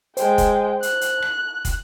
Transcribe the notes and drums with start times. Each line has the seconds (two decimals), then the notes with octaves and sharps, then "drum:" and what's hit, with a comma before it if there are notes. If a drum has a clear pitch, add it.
0.17 G#3 C5 G5, drum: hi-hat
0.38 drum: kick, hi-hat
0.83 F#6, drum: hi-hat
1.01 drum: hi-hat
1.22 drum: rim click
1.65 drum: kick, hi-hat